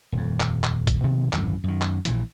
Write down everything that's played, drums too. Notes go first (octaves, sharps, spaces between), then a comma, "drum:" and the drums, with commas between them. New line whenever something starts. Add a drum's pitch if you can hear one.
D#1 F2
drum: clap
drum: clap
drum: kick, hi-hat
B2 D#3 F3 B3
D1 G#1 F#2 E3, drum: clap
F#2 D#3
drum: clap
A#1 A#2 E3, drum: hi-hat